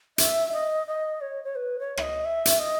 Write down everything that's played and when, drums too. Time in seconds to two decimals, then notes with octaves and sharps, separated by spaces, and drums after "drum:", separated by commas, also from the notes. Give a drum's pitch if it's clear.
0.18 E5, drum: hi-hat
0.53 D#5
0.87 D#5
1.21 C#5
1.44 C#5
1.56 B4
1.79 C#5
1.97 E5, drum: rim click
2.02 D#5
2.25 E5
2.45 drum: hi-hat
2.60 D#5